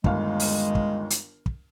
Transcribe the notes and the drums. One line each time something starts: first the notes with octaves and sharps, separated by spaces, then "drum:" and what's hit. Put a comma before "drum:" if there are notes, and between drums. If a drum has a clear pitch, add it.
G1 D#2 G#3 F5, drum: kick
drum: open hi-hat
drum: kick
drum: hi-hat
drum: kick